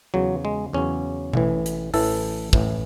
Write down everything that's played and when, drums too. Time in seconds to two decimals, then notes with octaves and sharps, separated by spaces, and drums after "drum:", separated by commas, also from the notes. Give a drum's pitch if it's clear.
0.14 E2 C#3 F#3
0.45 G#3
0.73 E2 C#3 F#3 C#4
1.33 A1 A2 E3, drum: tom B2
1.66 drum: hi-hat
1.94 A1 A2 E3 A4, drum: open hi-hat
2.53 A1 A2 E3, drum: kick